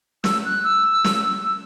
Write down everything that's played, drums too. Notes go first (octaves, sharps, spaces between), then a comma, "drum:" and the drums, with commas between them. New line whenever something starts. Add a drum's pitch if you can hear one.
E6, drum: snare
F#6
E6
drum: snare
E6